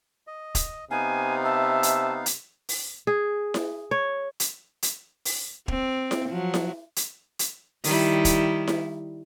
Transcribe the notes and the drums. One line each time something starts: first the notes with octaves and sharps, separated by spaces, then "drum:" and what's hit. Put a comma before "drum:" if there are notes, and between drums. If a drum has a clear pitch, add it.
D#5
drum: kick, hi-hat
C3 B3 D#4 F5 G#5
E5 A5
drum: hi-hat
drum: hi-hat
drum: open hi-hat
G#4
drum: snare E4
C#5
drum: hi-hat
drum: hi-hat
drum: open hi-hat
C4, drum: kick
drum: snare E4
F3 F#3
drum: snare E4
drum: hi-hat
drum: hi-hat
D#3 G3 E4, drum: open hi-hat
drum: kick, hi-hat
drum: snare E4